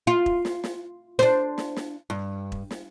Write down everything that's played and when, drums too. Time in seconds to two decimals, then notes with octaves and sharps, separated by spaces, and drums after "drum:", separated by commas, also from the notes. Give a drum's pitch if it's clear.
0.07 F4
0.26 drum: kick E1
0.45 drum: snare
0.64 drum: snare
1.19 D4 C5, drum: snare
1.58 drum: snare
1.77 drum: snare
2.10 G2
2.52 drum: kick E1
2.71 drum: snare